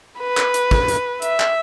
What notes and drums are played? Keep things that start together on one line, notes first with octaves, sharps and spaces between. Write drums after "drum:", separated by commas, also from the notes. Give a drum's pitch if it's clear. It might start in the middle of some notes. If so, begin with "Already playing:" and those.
B4
drum: clap
drum: hi-hat
drum: kick
drum: hi-hat
E5, drum: hi-hat
drum: clap